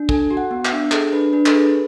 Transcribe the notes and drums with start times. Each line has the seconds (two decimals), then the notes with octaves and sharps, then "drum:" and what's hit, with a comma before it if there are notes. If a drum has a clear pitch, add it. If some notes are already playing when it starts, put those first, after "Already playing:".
Already playing: D4
0.09 A4 G#5, drum: kick
0.30 F#4
0.37 F#5
0.51 B3
0.65 E5, drum: clap
0.72 D4
0.91 G#4 A4, drum: clap
1.13 D4 B4
1.33 D4 B4
1.46 A4, drum: clap
1.53 G#4 B4